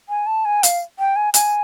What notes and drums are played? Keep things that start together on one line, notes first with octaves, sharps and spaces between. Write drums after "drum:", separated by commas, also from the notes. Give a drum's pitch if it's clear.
G#5
A5
G#5
F5, drum: hi-hat
G5
G#5
G#5, drum: hi-hat